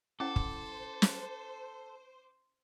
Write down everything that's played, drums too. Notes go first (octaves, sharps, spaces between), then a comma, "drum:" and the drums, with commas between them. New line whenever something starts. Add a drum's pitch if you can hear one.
C#4 E4 A4 C5 F#5 D6
drum: kick
drum: snare